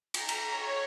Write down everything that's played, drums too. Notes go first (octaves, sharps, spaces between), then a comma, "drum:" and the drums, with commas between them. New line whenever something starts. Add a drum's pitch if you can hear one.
A#5, drum: cymbal
drum: cymbal
C#5